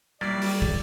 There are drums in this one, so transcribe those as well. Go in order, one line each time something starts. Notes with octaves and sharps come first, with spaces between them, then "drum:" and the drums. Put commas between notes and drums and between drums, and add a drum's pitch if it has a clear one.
F#3 G3 A#3 E4 D5 A6
drum: open hi-hat
drum: kick